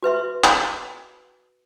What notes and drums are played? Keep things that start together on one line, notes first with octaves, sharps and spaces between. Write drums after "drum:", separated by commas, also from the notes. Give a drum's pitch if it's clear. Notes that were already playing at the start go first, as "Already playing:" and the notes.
F#4 B4 E5 C6
drum: clap